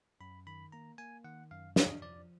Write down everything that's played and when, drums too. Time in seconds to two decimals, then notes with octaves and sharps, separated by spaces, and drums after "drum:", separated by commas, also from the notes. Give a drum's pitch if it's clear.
0.20 F#2 B5
0.47 D#3 B5
0.72 A#3 A#5
0.98 A#3 G#5
1.24 D#3 F#5
1.51 F#2 F5
1.76 F2 D#5, drum: snare
2.02 F3 D5